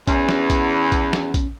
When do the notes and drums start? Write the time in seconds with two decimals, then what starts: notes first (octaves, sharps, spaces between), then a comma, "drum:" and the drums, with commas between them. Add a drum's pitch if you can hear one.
0.07 E2 C#4, drum: kick A#1, hi-hat
0.29 drum: snare
0.50 drum: kick A#1, hi-hat
0.92 drum: kick A#1, hi-hat
1.13 drum: snare
1.34 drum: kick A#1, hi-hat